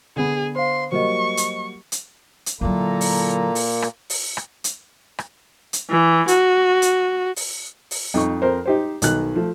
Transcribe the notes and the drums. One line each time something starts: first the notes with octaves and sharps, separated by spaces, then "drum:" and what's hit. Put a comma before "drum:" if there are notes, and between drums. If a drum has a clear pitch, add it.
D3 B3 G#4
C5 F5 C6
F#3 G3 A#3 C5 D#5 C#6
drum: hi-hat
drum: hi-hat
drum: hi-hat
A#2 D3 F#3 A#3 E4 A4 A#5
drum: open hi-hat
drum: open hi-hat
drum: rim click
drum: open hi-hat
drum: rim click
drum: hi-hat
drum: rim click
drum: hi-hat
E3
F#4, drum: hi-hat
drum: hi-hat
drum: open hi-hat
drum: open hi-hat
F2 D#4 C#6
F2 A#4 C5
D#4 G4 C5
B1 D#3 F#6, drum: hi-hat
F3 A3